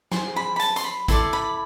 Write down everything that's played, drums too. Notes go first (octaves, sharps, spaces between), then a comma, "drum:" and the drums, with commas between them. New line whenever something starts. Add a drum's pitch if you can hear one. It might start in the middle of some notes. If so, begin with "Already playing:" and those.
G#4 C5 C6, drum: snare
B5
B5
A5, drum: hi-hat
C6, drum: hi-hat
B5
E4 A4 D5 C6, drum: kick G#1, hi-hat
B5